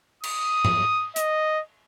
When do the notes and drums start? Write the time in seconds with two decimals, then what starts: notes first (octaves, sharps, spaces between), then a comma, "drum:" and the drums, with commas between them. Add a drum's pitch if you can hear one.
0.23 D#6, drum: cymbal
0.65 drum: tom G#2
1.16 D#5, drum: hi-hat